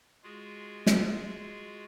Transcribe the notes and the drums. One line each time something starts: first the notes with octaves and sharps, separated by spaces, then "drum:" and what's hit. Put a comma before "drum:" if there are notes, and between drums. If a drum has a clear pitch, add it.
G#3 F4 F#4 G#4
drum: snare